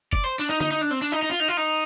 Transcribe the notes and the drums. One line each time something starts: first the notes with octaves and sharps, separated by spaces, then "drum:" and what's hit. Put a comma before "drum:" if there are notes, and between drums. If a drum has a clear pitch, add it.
D5, drum: kick
C5
D4
D#4
D#4, drum: tom D3
D#4
D4
C4
D4
D#4
D#4
F4
D#4
F4
D#4